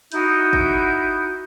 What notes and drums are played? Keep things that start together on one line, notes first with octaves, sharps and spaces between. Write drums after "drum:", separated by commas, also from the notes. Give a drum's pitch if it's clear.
D#4 E4 F#4 G6, drum: hi-hat
drum: kick G1